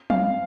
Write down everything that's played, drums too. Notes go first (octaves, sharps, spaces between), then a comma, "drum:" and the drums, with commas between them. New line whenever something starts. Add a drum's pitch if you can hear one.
F5, drum: tom